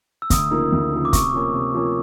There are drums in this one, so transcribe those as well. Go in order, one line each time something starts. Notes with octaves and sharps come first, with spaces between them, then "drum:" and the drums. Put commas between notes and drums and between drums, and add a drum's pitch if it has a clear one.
E6
D2 D#6, drum: kick, hi-hat
C#3 F3 A#3 D#4
D2
C#3 F3 A#3 D#4
D6
C3 C#6, drum: kick, hi-hat
F3 A#3 C#4
C3
F3 A#3 C#4